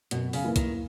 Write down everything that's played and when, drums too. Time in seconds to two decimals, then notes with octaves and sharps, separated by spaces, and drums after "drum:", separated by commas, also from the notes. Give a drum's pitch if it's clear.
0.11 F#2 B2, drum: hi-hat
0.33 C#3, drum: open hi-hat
0.44 E3 A#3 E4
0.56 D#3, drum: kick, hi-hat